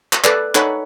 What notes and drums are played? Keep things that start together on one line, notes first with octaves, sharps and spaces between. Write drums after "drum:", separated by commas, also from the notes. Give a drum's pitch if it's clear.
drum: clap
A4 B4 D5, drum: clap
D#4 A4 C#5 F#5 G#5 B5, drum: clap